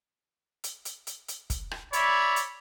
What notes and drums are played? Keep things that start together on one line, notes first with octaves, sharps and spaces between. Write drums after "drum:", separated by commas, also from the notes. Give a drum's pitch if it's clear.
drum: hi-hat
drum: hi-hat
drum: hi-hat
drum: hi-hat
drum: kick, hi-hat
drum: rim click
C#5 D5 E5 B5, drum: hi-hat
drum: hi-hat